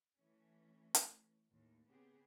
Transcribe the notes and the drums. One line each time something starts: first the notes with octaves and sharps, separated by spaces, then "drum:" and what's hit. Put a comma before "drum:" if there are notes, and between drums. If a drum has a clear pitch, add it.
E3 A3 C#4
drum: hi-hat
D#2 A2
C#3 B3 C4 G4 G#4